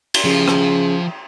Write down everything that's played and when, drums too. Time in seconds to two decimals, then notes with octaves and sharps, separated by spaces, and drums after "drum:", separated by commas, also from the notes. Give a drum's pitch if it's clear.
0.14 drum: cymbal
0.25 C#3 F3
0.48 drum: rim click